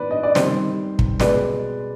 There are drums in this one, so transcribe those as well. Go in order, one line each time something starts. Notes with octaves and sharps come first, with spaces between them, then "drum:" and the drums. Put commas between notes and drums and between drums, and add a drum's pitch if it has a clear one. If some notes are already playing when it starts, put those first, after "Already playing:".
Already playing: D#3 B3 B4 D5
D#5
D5
D#3 G3 C4 C5, drum: snare
drum: kick
B2 G#3 B3 B4 D5, drum: snare